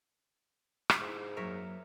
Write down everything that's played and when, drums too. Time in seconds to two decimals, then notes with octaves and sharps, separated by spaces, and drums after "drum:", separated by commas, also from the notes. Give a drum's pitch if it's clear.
0.90 drum: rim click
1.01 G#2 E4
1.37 F#2 F#3 A#3 A#4 C#5 E5